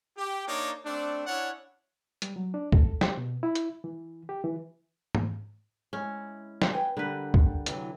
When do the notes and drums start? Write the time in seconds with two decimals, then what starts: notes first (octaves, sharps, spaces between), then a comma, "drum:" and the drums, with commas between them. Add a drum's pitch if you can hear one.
0.17 G4
0.47 A#3 D4 D#4 C#5 D6
0.85 A3 C4 D4
1.26 C#4 D4 E4 C#5 F#5
2.22 G3, drum: hi-hat
2.36 F#3
2.54 D4
2.72 A4, drum: kick C#2
3.01 G4, drum: snare
3.17 B2
3.43 E4
3.55 drum: hi-hat
3.84 E3
4.29 G4
4.44 E3
5.15 drum: tom G#2
5.93 G#3 C#4 E4
6.62 drum: snare
6.72 B4 G5 G#5
6.97 D3 G3 G4 A#4 B4
7.34 drum: kick C#2
7.66 C3 E3 F#3, drum: hi-hat